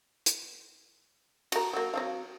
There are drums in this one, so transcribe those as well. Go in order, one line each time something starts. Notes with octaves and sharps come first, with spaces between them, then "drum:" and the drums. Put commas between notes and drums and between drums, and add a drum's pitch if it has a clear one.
drum: hi-hat
F#4 A#4, drum: cymbal
F#3 A#3
F#3 C4 F5